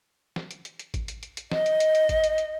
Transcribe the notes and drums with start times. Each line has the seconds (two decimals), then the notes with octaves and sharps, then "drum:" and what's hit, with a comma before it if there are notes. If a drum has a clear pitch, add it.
0.36 drum: snare
0.51 drum: hi-hat
0.65 drum: hi-hat
0.79 drum: hi-hat
0.94 drum: kick, hi-hat
1.08 drum: hi-hat
1.23 drum: hi-hat
1.37 drum: hi-hat
1.52 D#5, drum: snare
1.66 drum: hi-hat
1.80 drum: hi-hat
1.95 drum: hi-hat
2.09 drum: kick, hi-hat
2.24 drum: hi-hat
2.38 drum: hi-hat